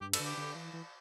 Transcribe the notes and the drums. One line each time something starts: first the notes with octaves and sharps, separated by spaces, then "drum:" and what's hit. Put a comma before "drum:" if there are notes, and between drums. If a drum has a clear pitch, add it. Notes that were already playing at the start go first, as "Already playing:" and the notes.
G2 G4
A4, drum: cymbal
D3
G4
D3
E3
E3